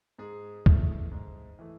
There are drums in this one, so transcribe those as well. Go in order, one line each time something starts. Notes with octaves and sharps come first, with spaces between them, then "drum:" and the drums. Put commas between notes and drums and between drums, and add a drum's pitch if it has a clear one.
G#2 G#4
E3 A3, drum: kick
G#2
E3 A3